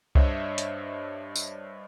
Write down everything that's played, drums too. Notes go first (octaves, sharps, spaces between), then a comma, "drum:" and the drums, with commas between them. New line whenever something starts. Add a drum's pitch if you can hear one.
G2 D4 C5 C#5 D#5 E5, drum: kick C2
drum: hi-hat
drum: tambourine